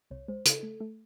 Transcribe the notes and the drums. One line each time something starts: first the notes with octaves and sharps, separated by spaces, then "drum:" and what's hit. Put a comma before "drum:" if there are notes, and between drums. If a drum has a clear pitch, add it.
C2 C#5
G#3 C5
C#3 A4, drum: hi-hat
A3
A3